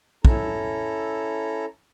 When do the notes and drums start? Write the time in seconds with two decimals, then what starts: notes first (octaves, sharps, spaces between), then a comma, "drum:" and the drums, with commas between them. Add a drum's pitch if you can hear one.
0.25 C#4 E4 A4 A#5, drum: kick